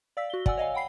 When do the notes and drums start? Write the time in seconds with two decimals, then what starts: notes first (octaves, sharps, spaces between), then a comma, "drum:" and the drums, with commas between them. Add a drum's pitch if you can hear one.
0.17 D5 F5 E6 B6
0.30 F#4 G7
0.46 D5 F#5 G#5 E6, drum: kick
0.57 C#5 D#5 F5 G#5
0.74 F#5 G5 B5 C7